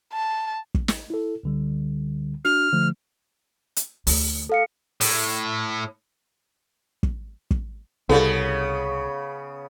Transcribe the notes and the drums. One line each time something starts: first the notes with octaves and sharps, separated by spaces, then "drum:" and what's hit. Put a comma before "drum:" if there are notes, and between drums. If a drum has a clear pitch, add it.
A5
drum: kick
drum: snare
E4 A4
C#2 D3 G3
D4 F#4 F6
D3 F3 A3
drum: hi-hat
D2, drum: open hi-hat
A4 F5 C#7
A2, drum: open hi-hat
drum: kick
drum: kick
C2 C#3 B3 A4